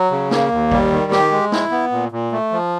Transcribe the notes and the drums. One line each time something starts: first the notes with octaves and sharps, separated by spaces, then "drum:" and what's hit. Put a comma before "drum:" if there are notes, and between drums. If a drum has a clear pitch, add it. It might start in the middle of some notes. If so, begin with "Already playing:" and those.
Already playing: F#3
C#3
A#3, drum: snare
D#2
G3, drum: kick G#1
D#3
G4, drum: snare
G#3
E4, drum: snare
B3
A#2
A#2
A3
F3